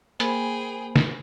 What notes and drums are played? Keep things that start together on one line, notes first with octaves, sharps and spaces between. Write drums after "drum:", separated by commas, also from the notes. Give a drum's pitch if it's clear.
A#3 G#4 C5 G5 G#5 B5, drum: hi-hat
drum: snare